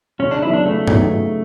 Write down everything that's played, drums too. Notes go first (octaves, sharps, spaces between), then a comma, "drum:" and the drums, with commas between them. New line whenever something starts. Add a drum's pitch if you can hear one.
C#3 C#4
D4
F#3 B3 D#4 E4
D4
C#3 A3
F#3 B3 D#4, drum: tom G2
C#3